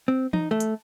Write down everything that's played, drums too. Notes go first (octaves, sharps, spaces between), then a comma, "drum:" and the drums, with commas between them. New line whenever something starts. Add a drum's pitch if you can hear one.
C4
D#4, drum: tom E3
A3
drum: hi-hat